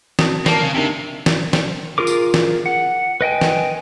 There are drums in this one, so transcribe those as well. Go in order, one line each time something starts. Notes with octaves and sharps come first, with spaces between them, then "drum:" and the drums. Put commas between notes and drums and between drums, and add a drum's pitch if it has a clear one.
C4 F#4, drum: snare
A#3 A#4 A5, drum: snare
C#3
C3 A#3 D4 D#4
drum: snare
drum: snare
F4 G#4 A#4 D6
drum: tambourine
drum: snare
F#5
B4 D#5 G5 G#5
drum: snare